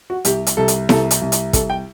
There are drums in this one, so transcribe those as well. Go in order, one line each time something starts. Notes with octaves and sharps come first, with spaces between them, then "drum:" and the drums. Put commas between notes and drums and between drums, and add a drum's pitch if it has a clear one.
F#4
C2 G4, drum: hi-hat
drum: hi-hat
C2 A4
drum: hi-hat
C2 A4, drum: snare E4
drum: hi-hat
C2
drum: hi-hat
C2 A4, drum: kick, hi-hat
G5